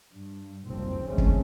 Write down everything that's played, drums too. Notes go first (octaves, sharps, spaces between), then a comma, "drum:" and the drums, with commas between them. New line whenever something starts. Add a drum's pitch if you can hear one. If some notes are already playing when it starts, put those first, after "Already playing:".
G2
F#1 C2 F2 G#2 F3 C4
G#1 D2 G#3 A3 C4 C#4
drum: kick